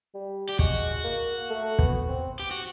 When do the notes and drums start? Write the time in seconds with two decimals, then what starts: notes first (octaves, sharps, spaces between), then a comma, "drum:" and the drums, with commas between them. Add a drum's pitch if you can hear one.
0.14 G3
0.49 G4
0.59 G#3 F#4, drum: kick
1.04 A#3
1.50 A3
1.79 B3, drum: kick
2.09 C4
2.40 G4
2.51 F#4